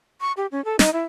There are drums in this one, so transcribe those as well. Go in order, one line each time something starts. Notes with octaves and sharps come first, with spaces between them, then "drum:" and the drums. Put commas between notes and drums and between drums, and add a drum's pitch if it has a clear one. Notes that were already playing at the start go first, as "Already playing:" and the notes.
C#6
G4
C#4
A4
D#4, drum: snare
E4